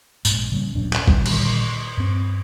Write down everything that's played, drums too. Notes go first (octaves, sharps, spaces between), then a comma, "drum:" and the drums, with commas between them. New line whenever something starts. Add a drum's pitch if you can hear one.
A#1 G#2, drum: tambourine
C#3 G3 A#3
D1 A#1 F#2 D4
drum: clap
A#2 D3 D#3 G3, drum: kick
drum: cymbal
G2 C4